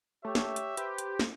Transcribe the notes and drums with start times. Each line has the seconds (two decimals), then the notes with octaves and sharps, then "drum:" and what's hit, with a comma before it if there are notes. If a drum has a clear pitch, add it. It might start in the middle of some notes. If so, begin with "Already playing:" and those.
0.25 A3 G4 C#5 E5
0.35 drum: snare
0.56 drum: hi-hat
0.77 G4 B4 C5, drum: hi-hat
0.98 drum: hi-hat
1.20 drum: snare